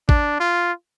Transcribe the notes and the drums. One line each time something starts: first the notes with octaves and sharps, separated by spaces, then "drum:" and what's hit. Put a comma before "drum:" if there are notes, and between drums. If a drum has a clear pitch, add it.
D4, drum: kick
F4